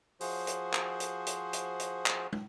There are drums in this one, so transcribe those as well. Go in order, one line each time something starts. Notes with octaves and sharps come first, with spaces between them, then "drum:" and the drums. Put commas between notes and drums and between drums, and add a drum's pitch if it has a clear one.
F3 F#4 G#4 C5, drum: open hi-hat
drum: hi-hat
drum: clap
drum: hi-hat
drum: hi-hat
drum: hi-hat
drum: hi-hat
drum: clap
drum: tom